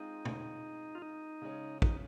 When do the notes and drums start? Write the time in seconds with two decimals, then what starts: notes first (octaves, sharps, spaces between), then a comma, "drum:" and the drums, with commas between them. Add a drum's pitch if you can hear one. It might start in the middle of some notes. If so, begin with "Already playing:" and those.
Already playing: G#3 C4 D#4 F4
0.25 drum: tom B2
0.95 F4
1.02 D#4
1.42 C#3 G#3 C#4
1.82 D#4, drum: kick